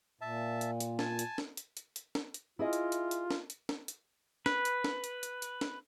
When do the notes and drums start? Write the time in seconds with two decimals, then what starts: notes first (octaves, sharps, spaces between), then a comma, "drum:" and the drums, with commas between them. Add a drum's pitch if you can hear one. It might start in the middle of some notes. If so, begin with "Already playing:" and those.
0.21 A#2 E5 A5
0.61 drum: hi-hat
0.80 drum: hi-hat
0.99 G#5 A5, drum: snare
1.19 drum: hi-hat
1.38 drum: snare
1.57 drum: hi-hat
1.77 drum: hi-hat
1.96 drum: hi-hat
2.15 drum: snare
2.34 drum: hi-hat
2.59 E4 F4 G#4 D#5
2.73 drum: hi-hat
2.92 drum: hi-hat
3.11 drum: hi-hat
3.31 drum: snare
3.50 drum: hi-hat
3.69 drum: snare
3.88 drum: hi-hat
4.46 B4, drum: snare
4.65 drum: hi-hat
4.84 drum: snare
5.04 drum: hi-hat
5.23 drum: hi-hat
5.42 drum: hi-hat
5.61 drum: snare